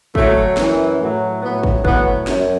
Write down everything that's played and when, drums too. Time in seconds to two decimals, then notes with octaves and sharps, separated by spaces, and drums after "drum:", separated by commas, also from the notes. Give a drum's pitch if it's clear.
0.15 A2 F#3 A3, drum: kick
0.57 F#2 E3, drum: snare
0.99 A2 F#3 A3
1.42 A2 F#3 B3
1.63 drum: kick
1.85 A2 F#3 B3, drum: kick
2.27 F#2, drum: snare